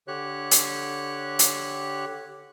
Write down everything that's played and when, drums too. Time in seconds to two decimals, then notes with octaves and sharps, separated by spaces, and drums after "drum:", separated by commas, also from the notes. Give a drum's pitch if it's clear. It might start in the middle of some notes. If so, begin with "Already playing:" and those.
0.08 D3 G4 C#5 F#6
0.51 drum: hi-hat
1.39 drum: hi-hat